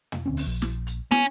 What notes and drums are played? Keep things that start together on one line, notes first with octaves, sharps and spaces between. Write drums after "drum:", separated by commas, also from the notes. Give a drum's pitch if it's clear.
drum: tom
D2 C4 C#4
drum: open hi-hat
A#1
drum: snare
drum: hi-hat
B3 C#4, drum: snare